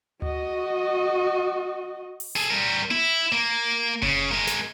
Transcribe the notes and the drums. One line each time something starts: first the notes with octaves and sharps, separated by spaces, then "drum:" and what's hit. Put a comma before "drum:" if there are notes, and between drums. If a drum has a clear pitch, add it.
F#4 D#5, drum: tom D2
drum: open hi-hat
G#4 A4
G3 A#4
E4, drum: tom A#3
A#3
C#3, drum: kick F#1
G#3 A#4
drum: snare